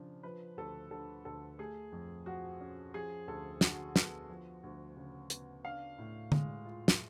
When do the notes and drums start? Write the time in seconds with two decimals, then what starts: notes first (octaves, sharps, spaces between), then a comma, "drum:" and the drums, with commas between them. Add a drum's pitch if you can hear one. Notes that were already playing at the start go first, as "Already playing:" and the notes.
Already playing: C#3 F3 D4
0.23 F3 B4
0.57 D2 A4
0.91 D3 A4
1.25 D2 A4
1.59 A3 G#4
1.92 F2
2.26 F3 F#4
2.60 C#4
2.94 F3 G#4
3.28 D2 A4
3.61 D3 F#4, drum: snare
3.96 B3, drum: snare
4.29 F3
4.63 D2
4.97 C#3
5.30 B3, drum: hi-hat
5.64 D4 F5
5.98 A2
6.32 G#3, drum: tom D3
6.65 F4
6.88 drum: snare